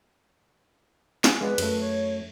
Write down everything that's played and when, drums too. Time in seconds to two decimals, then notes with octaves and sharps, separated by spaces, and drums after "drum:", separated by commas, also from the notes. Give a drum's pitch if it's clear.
1.24 F5 F#5 G#5, drum: snare
1.41 G#3 B3 B4 D5
1.58 F#2 A3, drum: cymbal
1.81 C#5